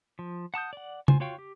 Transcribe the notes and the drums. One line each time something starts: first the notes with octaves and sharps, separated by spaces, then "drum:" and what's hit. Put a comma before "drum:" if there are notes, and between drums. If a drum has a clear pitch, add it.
F3
F#5 A5 D#6 G6
D5 F#5
F4 C5 G#5, drum: tom
F4 F#4 C#5 F5 G5
G4